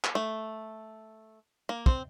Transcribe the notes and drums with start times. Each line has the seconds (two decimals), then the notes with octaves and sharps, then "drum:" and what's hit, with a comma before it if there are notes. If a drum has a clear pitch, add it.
0.04 drum: clap
0.15 A3
1.69 A#3
1.86 C4, drum: kick